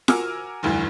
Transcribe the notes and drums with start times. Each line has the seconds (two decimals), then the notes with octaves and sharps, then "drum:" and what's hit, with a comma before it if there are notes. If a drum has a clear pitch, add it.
0.08 F#4 A#4 G#5 D6 E6 F6, drum: snare F4
0.63 F1 D2 G2 E3